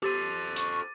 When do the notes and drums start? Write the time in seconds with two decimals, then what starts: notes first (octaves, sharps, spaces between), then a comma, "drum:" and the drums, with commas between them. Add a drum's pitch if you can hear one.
0.03 G4 A4 C5 D6 A6 D#7
0.56 C#6, drum: hi-hat